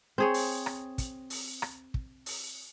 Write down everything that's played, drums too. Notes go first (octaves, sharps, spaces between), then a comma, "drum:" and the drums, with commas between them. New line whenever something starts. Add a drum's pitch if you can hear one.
C4 G#4 C#5
drum: open hi-hat
drum: rim click
drum: kick, hi-hat
drum: open hi-hat
drum: rim click
drum: kick
drum: open hi-hat